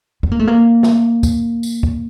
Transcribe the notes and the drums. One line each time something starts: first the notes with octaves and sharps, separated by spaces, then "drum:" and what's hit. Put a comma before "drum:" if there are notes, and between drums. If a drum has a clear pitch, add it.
B3, drum: kick
A#3
A3
A#3
drum: snare
drum: kick, tambourine
drum: tambourine
drum: kick